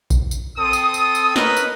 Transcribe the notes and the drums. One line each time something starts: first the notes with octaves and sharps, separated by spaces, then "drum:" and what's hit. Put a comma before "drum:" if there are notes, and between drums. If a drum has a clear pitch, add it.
drum: kick A#1, tambourine
drum: tambourine
C4 A4 D#6
drum: tambourine
drum: tambourine
drum: tambourine
A#4 B4 C#5 D#5, drum: snare
drum: tambourine